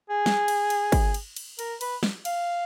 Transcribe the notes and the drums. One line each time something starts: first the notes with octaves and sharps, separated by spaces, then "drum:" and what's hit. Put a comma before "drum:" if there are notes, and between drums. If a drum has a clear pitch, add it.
G#4
drum: snare
drum: cymbal
drum: cymbal
drum: kick, cymbal
drum: cymbal
drum: cymbal
A#4, drum: cymbal
B4, drum: cymbal
drum: snare
F5, drum: cymbal